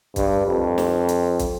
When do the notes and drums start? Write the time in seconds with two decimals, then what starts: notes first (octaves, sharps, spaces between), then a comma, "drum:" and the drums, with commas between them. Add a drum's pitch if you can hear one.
0.16 G2, drum: kick, hi-hat
0.46 F2
0.78 drum: snare
1.09 drum: hi-hat
1.39 drum: kick, hi-hat